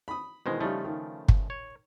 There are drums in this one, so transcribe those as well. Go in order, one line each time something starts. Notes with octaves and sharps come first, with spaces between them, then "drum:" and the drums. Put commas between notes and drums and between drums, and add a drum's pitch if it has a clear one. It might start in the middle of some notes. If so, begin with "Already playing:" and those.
B5 D#6
B2 D#3 E3 G#3 C5
C#3 F3 G3 A3 D#4
D#3
drum: kick
C#5